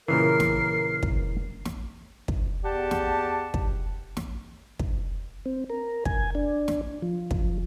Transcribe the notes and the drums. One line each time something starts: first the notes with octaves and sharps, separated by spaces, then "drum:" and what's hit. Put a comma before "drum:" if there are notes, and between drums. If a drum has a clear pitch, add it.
A#2 C#3 E3 A#4 C7
drum: snare
drum: kick
drum: snare
drum: kick
E2 G4 D5 F#5 A5
drum: snare
drum: kick
drum: snare
drum: kick
C4
A#4
G#5, drum: kick
D4
drum: snare
F3
drum: kick